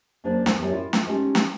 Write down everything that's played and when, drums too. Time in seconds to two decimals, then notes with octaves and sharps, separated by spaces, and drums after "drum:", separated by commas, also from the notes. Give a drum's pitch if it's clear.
0.24 F#2 A#3 D4 G#4 C5 D5
0.46 E2 B3 G#5, drum: snare
0.60 F#2 A2 G4 C#5 D5 E5
0.72 E4 F4
0.93 F4, drum: snare
1.07 G#3 A3 C#4 D#4 F4 G4
1.35 drum: snare